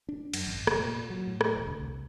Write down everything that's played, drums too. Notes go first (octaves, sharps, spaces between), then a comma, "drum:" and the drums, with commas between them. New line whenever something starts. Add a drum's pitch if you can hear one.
D4
F#2, drum: cymbal
G#1
F1, drum: rim click
A#2
F#3
A2
drum: rim click
E1
D2
C2